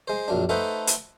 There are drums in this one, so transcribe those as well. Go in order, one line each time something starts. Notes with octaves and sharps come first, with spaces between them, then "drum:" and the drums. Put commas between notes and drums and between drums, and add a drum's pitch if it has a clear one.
G#3 C5
A#1 F#2 D4
A3 D#4 A4 B4 C5 F#5
drum: hi-hat